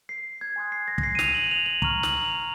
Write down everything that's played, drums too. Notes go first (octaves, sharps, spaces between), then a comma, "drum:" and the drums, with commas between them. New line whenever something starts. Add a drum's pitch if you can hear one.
C7
G#6
G#5 C6 D#6 F#6
C7
A#6
A#6, drum: kick
C7
D#7
F7, drum: snare
F#7
F7
F#7
A#5 C#6 F6 F#7, drum: kick
F#7, drum: snare
F7